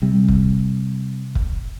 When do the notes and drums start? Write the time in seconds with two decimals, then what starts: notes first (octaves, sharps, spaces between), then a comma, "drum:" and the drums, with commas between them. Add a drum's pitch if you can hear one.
0.02 C3 G3
0.28 drum: kick
1.35 drum: kick